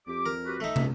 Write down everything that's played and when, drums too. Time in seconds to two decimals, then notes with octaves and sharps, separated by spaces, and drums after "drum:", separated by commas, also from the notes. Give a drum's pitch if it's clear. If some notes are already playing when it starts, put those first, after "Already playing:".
0.07 F2 G4 D6
0.26 A#4
0.45 F#4 G4 B4
0.60 A3 D#4 E5
0.76 C#2, drum: tom